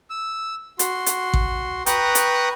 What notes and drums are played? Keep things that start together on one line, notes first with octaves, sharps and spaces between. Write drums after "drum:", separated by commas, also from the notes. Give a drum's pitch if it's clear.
E6
F#4 C6, drum: hi-hat
drum: hi-hat
drum: kick A1
B4 G5 A#5 C#6 D#6 F#6, drum: hi-hat
drum: hi-hat